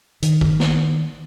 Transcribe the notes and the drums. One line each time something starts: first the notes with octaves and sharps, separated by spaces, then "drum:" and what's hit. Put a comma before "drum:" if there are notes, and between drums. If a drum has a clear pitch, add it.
D#3, drum: hi-hat
drum: kick
drum: snare